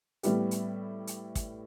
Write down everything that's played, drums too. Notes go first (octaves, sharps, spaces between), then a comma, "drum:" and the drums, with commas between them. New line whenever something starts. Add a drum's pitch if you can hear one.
A2 G3 B3 E4 G4, drum: hi-hat
drum: hi-hat
drum: hi-hat
drum: kick, hi-hat